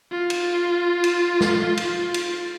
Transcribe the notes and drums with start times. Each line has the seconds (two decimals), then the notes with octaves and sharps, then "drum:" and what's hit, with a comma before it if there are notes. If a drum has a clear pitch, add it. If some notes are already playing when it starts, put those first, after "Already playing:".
0.12 F4
0.30 drum: cymbal
1.04 drum: cymbal
1.40 drum: snare
1.59 F4
1.77 drum: cymbal
2.14 drum: cymbal